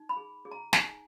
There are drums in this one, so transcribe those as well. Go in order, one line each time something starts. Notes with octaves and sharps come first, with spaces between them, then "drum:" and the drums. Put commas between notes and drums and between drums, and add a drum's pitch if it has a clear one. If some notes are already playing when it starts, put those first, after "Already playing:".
Already playing: D#4
B5
G#4
G#4
A#5
D#4 G#5, drum: snare